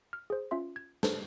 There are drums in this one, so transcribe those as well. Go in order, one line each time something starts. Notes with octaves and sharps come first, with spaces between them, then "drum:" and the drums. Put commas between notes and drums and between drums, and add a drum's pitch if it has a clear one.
F6
G#4 C5
C#4 F4 E5 C6
G#6
D4 A4 B4 C5, drum: snare